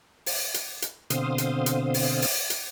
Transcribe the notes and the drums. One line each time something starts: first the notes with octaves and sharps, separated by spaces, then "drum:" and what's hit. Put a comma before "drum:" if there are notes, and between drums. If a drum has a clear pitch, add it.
drum: open hi-hat
drum: hi-hat
drum: hi-hat
B2 D3 C4 C5 F5 D#6, drum: hi-hat
drum: hi-hat
drum: hi-hat
drum: open hi-hat
drum: open hi-hat
drum: hi-hat